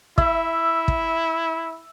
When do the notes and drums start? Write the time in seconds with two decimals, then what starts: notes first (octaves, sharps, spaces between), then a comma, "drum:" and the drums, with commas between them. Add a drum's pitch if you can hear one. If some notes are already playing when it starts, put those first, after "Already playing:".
0.18 E4 E5, drum: kick
0.88 drum: kick